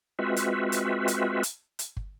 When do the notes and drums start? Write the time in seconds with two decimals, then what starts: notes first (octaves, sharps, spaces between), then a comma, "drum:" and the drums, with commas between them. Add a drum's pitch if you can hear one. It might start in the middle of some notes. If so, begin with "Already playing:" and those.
0.19 G#3 C4 F4 F#4 B4 E5
0.36 drum: hi-hat
0.72 drum: hi-hat
1.08 drum: hi-hat
1.43 drum: hi-hat
1.79 drum: hi-hat
1.97 drum: kick G1